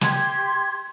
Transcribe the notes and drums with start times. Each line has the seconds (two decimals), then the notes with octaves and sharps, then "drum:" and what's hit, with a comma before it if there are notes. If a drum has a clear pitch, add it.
0.01 G4 C6 G#6, drum: snare